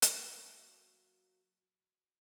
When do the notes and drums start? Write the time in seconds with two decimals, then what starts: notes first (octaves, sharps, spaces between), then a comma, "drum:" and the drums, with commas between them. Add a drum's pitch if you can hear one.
0.02 F#3 A#3 F#4 A4, drum: hi-hat